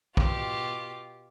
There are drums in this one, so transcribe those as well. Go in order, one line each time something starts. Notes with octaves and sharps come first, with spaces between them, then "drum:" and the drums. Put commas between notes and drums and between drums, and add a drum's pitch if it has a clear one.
B2 F4 G4, drum: kick A#1